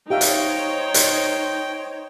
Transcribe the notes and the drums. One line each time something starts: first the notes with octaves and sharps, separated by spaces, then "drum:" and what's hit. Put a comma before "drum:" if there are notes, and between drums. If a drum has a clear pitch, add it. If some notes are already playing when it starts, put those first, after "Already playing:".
D#4 G4 C5 C#5 E5 F5 G5
drum: hi-hat
drum: hi-hat